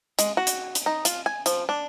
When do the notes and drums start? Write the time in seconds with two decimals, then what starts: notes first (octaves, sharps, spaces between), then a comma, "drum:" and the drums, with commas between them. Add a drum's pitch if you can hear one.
0.19 G#3, drum: hi-hat
0.37 F#4
0.47 drum: hi-hat
0.75 drum: hi-hat
0.86 D#4
1.05 F4, drum: hi-hat
1.26 G#5
1.46 F3, drum: hi-hat
1.69 D4